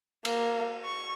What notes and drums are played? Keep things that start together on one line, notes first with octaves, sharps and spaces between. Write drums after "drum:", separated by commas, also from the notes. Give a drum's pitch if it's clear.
A#3, drum: cymbal
C#6